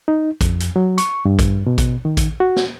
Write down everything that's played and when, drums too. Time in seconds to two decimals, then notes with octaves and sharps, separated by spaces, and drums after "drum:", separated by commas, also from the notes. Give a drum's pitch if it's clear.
0.08 D#4
0.41 F2, drum: kick A1, hi-hat
0.60 drum: hi-hat
0.76 F#3
0.98 C#6, drum: hi-hat
1.25 G2
1.39 drum: kick A1, hi-hat
1.67 B2
1.78 drum: kick A1, hi-hat
2.05 D#3
2.17 drum: kick A1, hi-hat
2.40 F#4
2.56 drum: snare